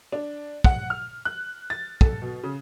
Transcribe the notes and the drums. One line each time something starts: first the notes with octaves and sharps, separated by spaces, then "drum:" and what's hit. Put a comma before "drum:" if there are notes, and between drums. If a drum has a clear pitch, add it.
D4
F#5, drum: kick
F6
F#6
A6
A4, drum: kick
B2
C#3